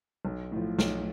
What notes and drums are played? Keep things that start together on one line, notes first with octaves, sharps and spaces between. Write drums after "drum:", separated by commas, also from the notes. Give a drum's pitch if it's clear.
B1
A2 F3
B1, drum: snare